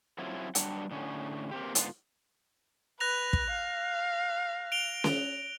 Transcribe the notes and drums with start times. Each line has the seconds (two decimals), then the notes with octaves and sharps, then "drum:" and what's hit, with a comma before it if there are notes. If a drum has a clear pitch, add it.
0.18 F#3 C4 C#4 E4 F4
0.55 F#3 G3 D4 F#5, drum: hi-hat
0.91 A2 D3 C#4
1.51 A#3 C4 G4
1.75 G#2 D3 B3 F4, drum: hi-hat
3.00 B4 F#6 A#6 F7
3.33 drum: kick
3.50 F5
4.72 D7 F7 G7
5.04 drum: snare C#4